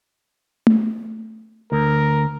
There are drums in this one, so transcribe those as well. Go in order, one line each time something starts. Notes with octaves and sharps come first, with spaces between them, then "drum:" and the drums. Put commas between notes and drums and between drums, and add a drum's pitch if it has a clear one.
drum: tom A3
D2 A#4